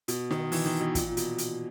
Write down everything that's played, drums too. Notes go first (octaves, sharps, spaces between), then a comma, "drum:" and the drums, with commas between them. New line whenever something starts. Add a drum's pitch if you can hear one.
B2, drum: hi-hat
D#3, drum: snare D#4
E3, drum: open hi-hat
D#3
B2
A#2, drum: kick, hi-hat
A#2
B2, drum: hi-hat
drum: hi-hat